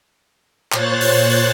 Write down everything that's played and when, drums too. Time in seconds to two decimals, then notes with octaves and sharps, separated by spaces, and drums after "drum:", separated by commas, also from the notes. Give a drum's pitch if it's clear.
0.72 A#2 C5 C#5 F#6 A6, drum: clap
1.01 drum: open hi-hat
1.30 drum: open hi-hat